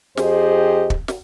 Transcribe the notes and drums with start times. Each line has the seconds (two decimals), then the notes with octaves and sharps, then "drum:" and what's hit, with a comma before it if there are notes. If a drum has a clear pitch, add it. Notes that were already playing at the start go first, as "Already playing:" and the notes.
0.17 F2 G4 G#4 C5 D#5, drum: snare
0.90 drum: kick
1.08 drum: snare